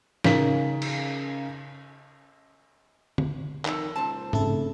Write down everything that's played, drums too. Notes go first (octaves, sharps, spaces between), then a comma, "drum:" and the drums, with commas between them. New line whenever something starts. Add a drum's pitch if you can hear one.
C#3 D#4 A#4 B6, drum: snare
drum: cymbal
drum: tom D3
F2 D#3 A4 A#4, drum: clap
C#2 A#2 C5 A5
F1 C#3 A3 E4 A4, drum: tom G#2